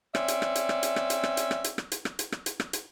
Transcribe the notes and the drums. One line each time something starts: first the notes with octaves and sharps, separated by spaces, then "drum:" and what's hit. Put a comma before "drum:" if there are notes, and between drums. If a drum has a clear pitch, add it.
C4 C#4 D5 E5, drum: rim click
drum: hi-hat
drum: rim click
drum: hi-hat
drum: rim click
drum: hi-hat
drum: rim click
drum: hi-hat
drum: rim click
drum: hi-hat
drum: rim click
drum: hi-hat
drum: rim click
drum: hi-hat
drum: rim click
drum: hi-hat
drum: rim click
drum: hi-hat
drum: rim click
drum: hi-hat